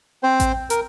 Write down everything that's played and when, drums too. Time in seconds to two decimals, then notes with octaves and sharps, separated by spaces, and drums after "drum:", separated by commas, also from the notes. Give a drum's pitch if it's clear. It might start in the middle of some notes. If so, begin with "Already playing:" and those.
0.23 C4 C5
0.40 drum: kick A1, hi-hat
0.70 A#4, drum: hi-hat